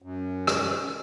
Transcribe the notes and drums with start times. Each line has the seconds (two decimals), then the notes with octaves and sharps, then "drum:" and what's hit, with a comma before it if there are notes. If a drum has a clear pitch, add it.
0.02 F#2
0.47 drum: rim click